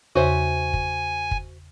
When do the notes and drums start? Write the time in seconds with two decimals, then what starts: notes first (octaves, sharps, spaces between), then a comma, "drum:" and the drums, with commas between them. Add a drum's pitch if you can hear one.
0.15 E2 C#3 F#4 C5 C#5 E5 G#5
0.73 drum: kick
1.31 drum: kick